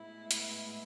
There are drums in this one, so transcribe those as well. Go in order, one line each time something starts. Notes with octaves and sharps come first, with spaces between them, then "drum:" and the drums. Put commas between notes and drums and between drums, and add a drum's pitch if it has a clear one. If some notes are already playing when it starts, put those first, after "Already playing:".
Already playing: A2 G#3 B3 E4
drum: hi-hat